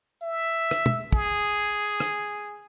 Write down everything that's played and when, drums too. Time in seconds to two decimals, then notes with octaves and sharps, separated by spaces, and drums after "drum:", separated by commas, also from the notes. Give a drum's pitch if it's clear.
0.22 E5
0.71 drum: rim click
0.86 drum: tom
1.12 G#4, drum: kick
2.00 drum: rim click